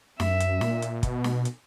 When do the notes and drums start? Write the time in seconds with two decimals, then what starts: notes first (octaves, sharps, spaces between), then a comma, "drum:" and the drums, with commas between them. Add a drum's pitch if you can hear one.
0.20 F#2 E5, drum: snare
0.40 drum: hi-hat
0.61 A#2, drum: snare
0.82 drum: hi-hat
1.03 B2, drum: kick, hi-hat
1.24 drum: snare
1.45 drum: hi-hat